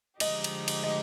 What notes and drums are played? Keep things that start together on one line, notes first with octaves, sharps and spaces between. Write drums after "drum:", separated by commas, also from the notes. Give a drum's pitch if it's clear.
D3 F3 G#3 D#4 G4 D#5, drum: cymbal
drum: cymbal
drum: cymbal
D#5